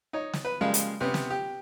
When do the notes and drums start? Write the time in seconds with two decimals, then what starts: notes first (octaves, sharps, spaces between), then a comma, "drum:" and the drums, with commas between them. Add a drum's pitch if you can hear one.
0.13 D#4 C#5
0.33 drum: snare
0.45 B4
0.61 C#3 F3 G3 G#3 A#3
0.74 drum: hi-hat
1.01 C3 B3 C#4
1.14 drum: snare
1.30 G4